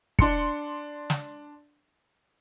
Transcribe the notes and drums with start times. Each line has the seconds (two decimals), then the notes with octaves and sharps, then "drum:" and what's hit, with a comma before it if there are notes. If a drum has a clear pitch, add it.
0.19 D4 C6 C#7, drum: kick
1.10 drum: snare